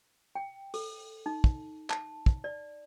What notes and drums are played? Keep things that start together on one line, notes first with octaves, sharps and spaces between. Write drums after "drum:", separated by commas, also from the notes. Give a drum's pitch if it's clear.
G5
A4, drum: open hi-hat
D#4
drum: kick
A5, drum: clap
drum: kick
D5